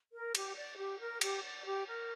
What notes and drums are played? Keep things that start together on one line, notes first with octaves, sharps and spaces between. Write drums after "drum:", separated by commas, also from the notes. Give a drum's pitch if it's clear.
A#4
G4, drum: cymbal
D5
G4
A#4
G4, drum: cymbal
D5
G4
A#4